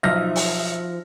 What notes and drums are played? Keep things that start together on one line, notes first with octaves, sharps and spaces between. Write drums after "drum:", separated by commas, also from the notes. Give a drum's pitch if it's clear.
B1 F3 D#4 E5 F6 A#6
drum: open hi-hat